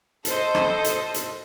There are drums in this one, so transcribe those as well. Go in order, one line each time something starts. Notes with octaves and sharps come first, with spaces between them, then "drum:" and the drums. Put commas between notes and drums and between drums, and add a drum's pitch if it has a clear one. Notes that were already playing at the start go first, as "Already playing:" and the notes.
A4 C5 D#5, drum: hi-hat
drum: rim click
drum: hi-hat
drum: hi-hat